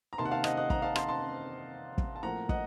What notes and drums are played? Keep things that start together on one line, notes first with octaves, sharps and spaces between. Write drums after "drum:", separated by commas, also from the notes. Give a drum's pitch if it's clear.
A#5
C3 D#3 A#3 A5 C6
F#5
F5 A5
D#5 F#5, drum: rim click
D#5 F#5
F#5 A#5, drum: kick
F5 A5
A5 C6, drum: rim click
A5 C6
drum: kick
A5
A2 F3 A#3 F#5 A#5
D#5 F#5, drum: kick